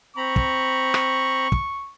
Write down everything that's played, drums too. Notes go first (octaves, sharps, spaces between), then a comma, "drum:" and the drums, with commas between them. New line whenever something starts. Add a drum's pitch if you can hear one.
C4 A#5 B5 C#6
drum: kick
drum: rim click
drum: kick